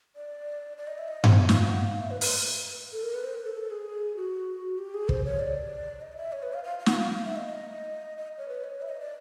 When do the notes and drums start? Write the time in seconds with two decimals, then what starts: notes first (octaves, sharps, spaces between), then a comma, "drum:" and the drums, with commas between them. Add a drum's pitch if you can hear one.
0.16 D5
0.78 D5
0.87 D#5
0.98 E5
1.08 D#5
1.24 C5, drum: tom G2
1.39 E5
1.49 E5, drum: snare
1.54 F5
1.69 F#5
1.86 F5
2.00 E5
2.11 B4
2.21 B4, drum: open hi-hat
2.93 A4
3.03 A#4
3.14 B4
3.24 C5
3.34 A#4
3.45 A4
3.55 A4
3.71 G#4
4.16 F#4
4.78 G4
4.94 G#4
5.09 C5, drum: kick
5.25 C#5
5.39 D5
6.01 D#5
6.17 E5
6.32 C#5
6.43 B4
6.53 F5
6.64 F5
6.79 F5
6.86 F#5, drum: snare
6.93 F5
7.25 E5
7.36 D#5
7.46 D#5
8.18 D#5
8.38 C#5
8.48 B4
8.64 C#5
8.82 E5
8.89 D#5
9.00 D5